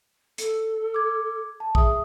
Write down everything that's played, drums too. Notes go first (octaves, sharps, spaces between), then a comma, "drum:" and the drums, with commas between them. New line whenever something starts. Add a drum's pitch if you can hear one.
A4, drum: hi-hat
D6 G#6
A5
G#4 E5 D#6, drum: kick